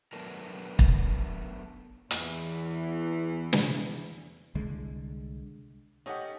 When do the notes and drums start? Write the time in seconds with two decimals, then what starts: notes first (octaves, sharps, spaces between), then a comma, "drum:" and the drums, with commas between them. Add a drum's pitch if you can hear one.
0.13 F#3 A3 B3 D4 A4 A#4
0.79 drum: kick
2.11 E2 E3, drum: hi-hat
3.53 drum: snare
4.55 C2 D3 G#3
6.06 C#4 D#4 G4 A4 D#5 F#5